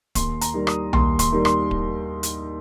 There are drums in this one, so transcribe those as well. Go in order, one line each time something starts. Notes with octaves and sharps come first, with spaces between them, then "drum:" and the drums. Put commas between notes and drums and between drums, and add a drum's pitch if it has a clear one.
D#2 C6, drum: kick D1, hi-hat
A#5, drum: hi-hat
D#3 G3
D#6, drum: rim click
D#2 C6, drum: tom B1
C6, drum: kick D1, hi-hat
D#3 G3
C6, drum: rim click
drum: kick D1
drum: hi-hat